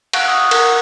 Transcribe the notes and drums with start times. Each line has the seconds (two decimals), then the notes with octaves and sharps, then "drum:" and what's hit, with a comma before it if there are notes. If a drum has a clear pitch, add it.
0.13 F5 F#5 C#6 F#6 D7, drum: cymbal
0.27 D#6
0.51 A#4 F#5, drum: cymbal